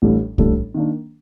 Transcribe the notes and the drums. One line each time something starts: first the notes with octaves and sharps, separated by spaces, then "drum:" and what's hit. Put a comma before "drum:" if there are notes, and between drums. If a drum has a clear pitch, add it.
A1 A2 G3 D4 A4
A1 A2 G3 D4 A4, drum: kick C2
D#3 A#3 D4